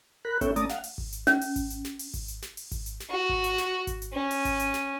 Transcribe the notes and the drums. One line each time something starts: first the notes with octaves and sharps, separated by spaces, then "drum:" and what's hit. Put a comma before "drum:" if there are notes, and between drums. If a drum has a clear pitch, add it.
A#4 B5 F#6
B3 C#4 A4 C#5 E5 G5, drum: kick G#1, hi-hat
A3 C#4 D5 A5 A#5 D#6, drum: hi-hat
F5 F#5, drum: snare
drum: open hi-hat
drum: kick G#1
drum: hi-hat
C#4, drum: snare
drum: open hi-hat
drum: kick G#1, hi-hat
drum: hi-hat
drum: snare
drum: open hi-hat
drum: kick G#1, hi-hat
drum: hi-hat
drum: snare
drum: open hi-hat
drum: kick G#1, hi-hat
drum: hi-hat
drum: snare
F#4
drum: kick G#1
drum: hi-hat
drum: snare
drum: kick G#1, hi-hat
drum: hi-hat
C#4
drum: open hi-hat
drum: kick G#1, hi-hat
drum: hi-hat
drum: snare